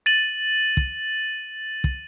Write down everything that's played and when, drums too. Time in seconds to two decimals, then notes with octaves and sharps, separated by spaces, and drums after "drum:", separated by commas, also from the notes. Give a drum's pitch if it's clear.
0.06 A6 D#7 F#7
0.77 drum: kick
1.84 drum: kick